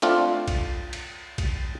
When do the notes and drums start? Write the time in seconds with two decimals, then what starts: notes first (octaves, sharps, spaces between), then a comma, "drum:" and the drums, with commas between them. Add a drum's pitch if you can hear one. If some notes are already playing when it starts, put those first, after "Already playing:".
0.02 A3 C4 D4 F4, drum: cymbal
0.48 drum: kick A#1, cymbal
0.93 drum: cymbal
1.38 drum: kick A#1, cymbal